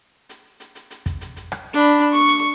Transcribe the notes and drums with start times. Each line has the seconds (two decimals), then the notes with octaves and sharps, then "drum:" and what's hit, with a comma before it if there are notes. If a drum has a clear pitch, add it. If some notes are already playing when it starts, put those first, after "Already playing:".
0.29 drum: hi-hat
0.60 drum: hi-hat
0.75 drum: hi-hat
0.91 drum: hi-hat
1.06 drum: kick, hi-hat
1.21 drum: hi-hat
1.36 drum: hi-hat
1.52 drum: rim click
1.73 D4 B5
1.98 drum: hi-hat
2.13 C#6, drum: hi-hat
2.28 drum: hi-hat